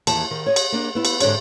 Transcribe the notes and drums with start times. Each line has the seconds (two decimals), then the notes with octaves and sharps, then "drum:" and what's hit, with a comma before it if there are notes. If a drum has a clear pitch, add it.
0.07 D#2 E3 A5, drum: cymbal
0.31 D#3
0.46 C#5 D#5
0.56 drum: cymbal
0.72 A#3 D4
0.95 B3 E4
1.05 drum: cymbal
1.21 G#2 D3 D4 C#5, drum: cymbal